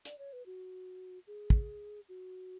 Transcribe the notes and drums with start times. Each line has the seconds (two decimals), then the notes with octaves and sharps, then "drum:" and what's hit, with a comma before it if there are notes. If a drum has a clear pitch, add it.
0.05 D5, drum: hi-hat
0.19 C#5
0.33 B4
0.46 F#4
1.27 G#4
1.50 drum: kick
2.09 F#4